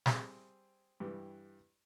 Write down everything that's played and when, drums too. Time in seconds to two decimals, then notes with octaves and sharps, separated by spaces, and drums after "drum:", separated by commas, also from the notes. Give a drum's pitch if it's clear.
0.06 G3 C4 G#4, drum: snare
1.00 G2 E3 G4